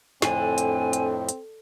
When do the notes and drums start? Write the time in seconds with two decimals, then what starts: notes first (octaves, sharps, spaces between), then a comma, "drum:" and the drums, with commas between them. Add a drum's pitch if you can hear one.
0.22 F2 A2 D3 C4 G#5, drum: snare
0.58 drum: hi-hat
0.93 drum: hi-hat
1.29 drum: hi-hat